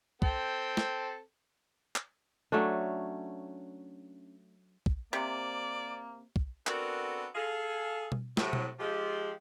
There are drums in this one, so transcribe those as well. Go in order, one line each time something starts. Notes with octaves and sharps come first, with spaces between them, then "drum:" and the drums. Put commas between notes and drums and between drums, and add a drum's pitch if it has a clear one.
C4 A4 G5, drum: kick
drum: snare
drum: clap
F#3 A3 C#4 D4
drum: kick
C3 A#3 D5
drum: kick
B3 C4 D4 F#4 A4 A#4, drum: clap
G#4 A4 F5
drum: tom B2
A2 C3 F#3, drum: snare
drum: tom B2
F3 G#3 G4